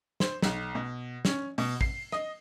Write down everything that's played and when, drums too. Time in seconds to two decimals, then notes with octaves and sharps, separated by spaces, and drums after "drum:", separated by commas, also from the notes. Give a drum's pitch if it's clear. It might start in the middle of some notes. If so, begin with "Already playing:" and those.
0.20 C5, drum: snare
0.42 B1, drum: snare
0.75 B2
1.25 C#4, drum: snare
1.58 B2, drum: open hi-hat
1.81 C7, drum: kick A1
2.12 D#5, drum: rim click